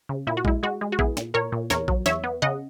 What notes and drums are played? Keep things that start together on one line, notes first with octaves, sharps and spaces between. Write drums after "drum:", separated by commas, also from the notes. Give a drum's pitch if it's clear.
C#3
A#2 E4
F#4
G#3 E4, drum: kick A#1
G#3 F#4
G#3
F#4
B3 E4 G#4, drum: kick A#1
A#2, drum: snare
A#2 A#4 C#5
A#2
E2 A#4 C#5, drum: snare
F#3, drum: kick A#1
E2 C#5 E5, drum: snare
B3
C#3 D#5 F#5